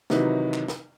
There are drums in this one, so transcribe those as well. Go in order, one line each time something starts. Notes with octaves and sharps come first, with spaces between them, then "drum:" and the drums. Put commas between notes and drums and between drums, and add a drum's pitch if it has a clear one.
C3 D#3 E3 F#3 D#4 B4, drum: snare
drum: clap
drum: snare